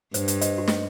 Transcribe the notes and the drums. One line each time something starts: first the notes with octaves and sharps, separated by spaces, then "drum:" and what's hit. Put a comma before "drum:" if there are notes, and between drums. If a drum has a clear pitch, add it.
G2 C5, drum: hi-hat
drum: hi-hat
C5 D#5, drum: hi-hat
G4
G#4, drum: snare